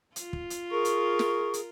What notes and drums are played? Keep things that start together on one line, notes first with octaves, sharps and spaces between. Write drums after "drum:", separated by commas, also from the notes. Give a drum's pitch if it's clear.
F4, drum: hi-hat
drum: kick
drum: hi-hat
G#4 A#4 C#6
drum: hi-hat
drum: snare
drum: hi-hat